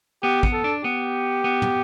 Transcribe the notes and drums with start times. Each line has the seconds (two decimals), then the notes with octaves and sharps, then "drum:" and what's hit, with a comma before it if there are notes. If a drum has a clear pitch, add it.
0.23 B3 G4
0.43 B3, drum: kick
0.53 A4
0.64 D4
0.84 B3 G4
1.44 B3
1.62 drum: tom